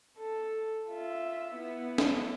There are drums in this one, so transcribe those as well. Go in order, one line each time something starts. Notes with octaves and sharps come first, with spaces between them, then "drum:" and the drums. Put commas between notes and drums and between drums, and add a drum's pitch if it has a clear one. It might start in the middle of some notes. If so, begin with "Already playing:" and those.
A4
F4 E5
B3 E4
drum: snare